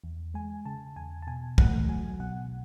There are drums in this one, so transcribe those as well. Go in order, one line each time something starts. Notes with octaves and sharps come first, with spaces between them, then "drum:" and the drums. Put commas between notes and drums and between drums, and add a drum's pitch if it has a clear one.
E2
G#3 G#5
C#3 A5
E2 G#5
A5
B2 G#5
A3 F#5, drum: kick
F#3 G#5
B2 F#5